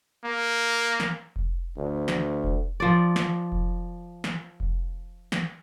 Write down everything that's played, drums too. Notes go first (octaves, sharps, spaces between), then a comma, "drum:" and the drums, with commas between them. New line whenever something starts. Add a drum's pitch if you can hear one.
A#3
drum: snare
drum: kick F1
D2
drum: snare
drum: kick F1
F3 D5
drum: snare
drum: kick F1
drum: snare
drum: kick F1
drum: snare